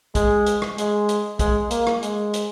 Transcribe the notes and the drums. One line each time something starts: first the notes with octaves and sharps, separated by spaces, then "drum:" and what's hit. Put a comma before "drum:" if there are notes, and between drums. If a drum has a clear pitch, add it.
G#3, drum: kick, hi-hat
drum: hi-hat
drum: rim click
G#3, drum: hi-hat
drum: hi-hat
G#3, drum: kick, hi-hat
A#3, drum: hi-hat
drum: rim click
G#3, drum: hi-hat
drum: hi-hat